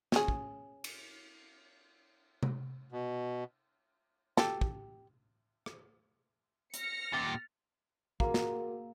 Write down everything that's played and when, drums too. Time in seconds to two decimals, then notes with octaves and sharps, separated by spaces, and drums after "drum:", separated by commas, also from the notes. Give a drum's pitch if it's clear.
0.12 C#4 G#4, drum: snare
0.28 drum: kick
0.84 drum: cymbal
2.43 drum: tom C3
2.92 B2
4.37 G4 A4, drum: snare
4.61 drum: kick
5.66 drum: rim click
6.74 F6 A#6 C#7, drum: hi-hat
7.13 A#2 G4 A6
8.20 A#3 F#4 G#4 A#4, drum: kick
8.34 drum: snare